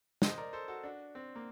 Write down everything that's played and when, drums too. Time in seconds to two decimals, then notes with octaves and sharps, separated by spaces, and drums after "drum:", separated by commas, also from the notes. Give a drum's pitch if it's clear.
0.22 C5 D#5, drum: snare
0.38 A#4 D5
0.53 A4 C5
0.68 F#4 A4
0.83 D4 F#4
1.15 C4
1.35 A#3